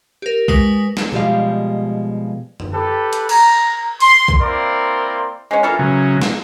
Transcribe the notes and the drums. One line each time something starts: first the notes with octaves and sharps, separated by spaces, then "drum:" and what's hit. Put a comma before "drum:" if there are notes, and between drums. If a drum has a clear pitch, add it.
G4 A#4
G#3 B4 G#5 A#6, drum: kick B1
drum: snare
B2 F3 G3 G#3 G4 F5
drum: tom F#2
G4 A4 B4
drum: hi-hat
A#5, drum: cymbal
C6, drum: open hi-hat
drum: kick B1
A#3 C4 E4 A#4 D5 C6
G#3 C#4
E3 F4 A4 A#4
C#3 F#3
drum: snare